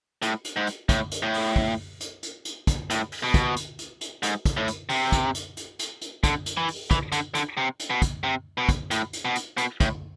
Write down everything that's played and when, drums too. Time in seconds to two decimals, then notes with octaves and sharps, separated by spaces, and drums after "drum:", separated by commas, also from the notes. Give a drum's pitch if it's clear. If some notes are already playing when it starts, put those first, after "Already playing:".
0.22 A2, drum: hi-hat
0.45 drum: hi-hat
0.56 G#2
0.67 drum: hi-hat
0.89 A2, drum: kick, hi-hat
1.11 drum: hi-hat
1.23 A2
1.34 drum: open hi-hat
1.56 drum: kick
2.01 drum: hi-hat
2.23 drum: hi-hat
2.45 drum: hi-hat
2.67 drum: kick, hi-hat
2.90 A2, drum: hi-hat
3.12 drum: open hi-hat
3.23 B2
3.34 drum: kick, hi-hat
3.56 drum: hi-hat
3.79 drum: hi-hat
4.01 drum: hi-hat
4.23 G#2, drum: hi-hat
4.46 drum: kick, hi-hat
4.57 A2
4.68 drum: hi-hat
4.89 C3, drum: open hi-hat
5.12 drum: kick, hi-hat
5.35 drum: hi-hat
5.57 drum: hi-hat
5.79 drum: hi-hat
6.01 drum: hi-hat
6.24 D3, drum: kick, hi-hat
6.46 drum: hi-hat
6.57 E3
6.68 drum: open hi-hat
6.91 E3, drum: kick, hi-hat
7.12 D3, drum: hi-hat
7.35 D3, drum: hi-hat
7.57 C3
7.80 drum: hi-hat
7.90 B2
8.02 drum: kick, hi-hat
8.24 C3
8.58 B2
8.69 drum: kick, hi-hat
8.91 A2, drum: hi-hat
9.13 drum: hi-hat
9.25 B2
9.35 drum: hi-hat
9.58 B2, drum: hi-hat
9.80 A2, drum: kick, hi-hat